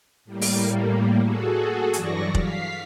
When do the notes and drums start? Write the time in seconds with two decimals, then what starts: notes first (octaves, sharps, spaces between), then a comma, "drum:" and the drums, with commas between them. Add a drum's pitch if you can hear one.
0.25 A2 G3 A#3
0.41 drum: open hi-hat
1.21 F#4 G#4 A4
1.93 G2 E3 F#3 D5 C#6 A#6, drum: hi-hat
2.35 F5 B6 C7, drum: kick F1